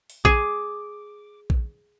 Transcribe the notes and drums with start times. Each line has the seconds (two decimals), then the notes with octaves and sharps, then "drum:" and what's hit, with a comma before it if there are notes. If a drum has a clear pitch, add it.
0.10 drum: open hi-hat
0.25 G#4 D6, drum: kick A#1
1.50 drum: kick A#1